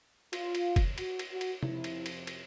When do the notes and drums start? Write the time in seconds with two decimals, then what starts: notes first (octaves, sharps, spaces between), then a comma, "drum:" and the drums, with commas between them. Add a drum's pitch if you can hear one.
0.33 F4, drum: cymbal
0.55 drum: cymbal
0.76 drum: kick, cymbal
0.98 F#4, drum: cymbal
1.19 drum: cymbal
1.30 F#4
1.41 drum: cymbal
1.63 F2 C3 F3 E4, drum: tom C3
1.84 drum: cymbal
2.06 drum: cymbal
2.27 drum: cymbal